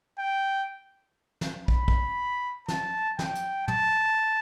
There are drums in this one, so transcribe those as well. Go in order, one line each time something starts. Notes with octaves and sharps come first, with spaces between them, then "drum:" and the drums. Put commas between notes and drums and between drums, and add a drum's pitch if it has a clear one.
G5
drum: snare
B5, drum: kick
drum: kick
A5, drum: snare
G5, drum: snare
drum: hi-hat
A5, drum: tom